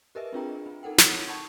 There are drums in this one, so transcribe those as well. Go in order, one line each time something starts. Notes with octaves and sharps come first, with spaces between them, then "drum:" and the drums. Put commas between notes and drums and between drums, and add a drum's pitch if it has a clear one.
G4 A#4 B4 D#5 E5
C4 D4 F4 G#4 G5 A#5
C4
D#4 A4 A#4 F#5 G5
C#5 F#5 D#6, drum: snare
F#5 A5 B5 C#6 G6 G#6